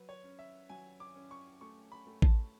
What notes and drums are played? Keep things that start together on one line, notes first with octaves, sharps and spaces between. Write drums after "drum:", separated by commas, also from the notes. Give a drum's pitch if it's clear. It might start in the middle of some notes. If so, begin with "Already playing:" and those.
Already playing: F#3 B4
C#5
C#4
E5
F#3 G#5
D6
C#4
C#6
A3 C#6
B5
A3
A5, drum: kick A1